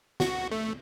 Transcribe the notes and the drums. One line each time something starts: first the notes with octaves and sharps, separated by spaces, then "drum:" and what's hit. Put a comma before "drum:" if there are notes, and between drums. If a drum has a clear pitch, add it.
F#4, drum: snare
A3